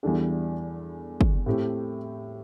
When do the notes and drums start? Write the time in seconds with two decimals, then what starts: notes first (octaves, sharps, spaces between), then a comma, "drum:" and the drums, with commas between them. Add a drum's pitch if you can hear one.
0.03 E2 E3 G3 D4 A4
1.21 drum: kick
1.46 A2 A3 C4 G4